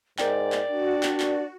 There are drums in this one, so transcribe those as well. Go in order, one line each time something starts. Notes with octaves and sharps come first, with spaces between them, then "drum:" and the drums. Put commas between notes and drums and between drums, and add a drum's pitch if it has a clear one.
G#2 A#4 D5 G5, drum: clap
drum: clap
D4 F#4
drum: clap
drum: clap